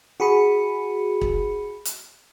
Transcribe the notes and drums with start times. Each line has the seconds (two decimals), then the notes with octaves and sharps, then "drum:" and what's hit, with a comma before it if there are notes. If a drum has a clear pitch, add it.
0.20 F#4 G#4 B5 C#7
1.21 drum: kick
1.85 drum: hi-hat